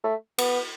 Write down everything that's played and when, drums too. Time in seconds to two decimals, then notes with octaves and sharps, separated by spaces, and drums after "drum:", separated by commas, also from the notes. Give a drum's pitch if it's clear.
0.04 A3
0.38 B3, drum: cymbal